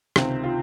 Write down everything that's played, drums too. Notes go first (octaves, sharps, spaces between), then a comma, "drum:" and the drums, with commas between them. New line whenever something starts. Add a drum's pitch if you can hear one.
C#2 C3 D#3 C4, drum: rim click
F4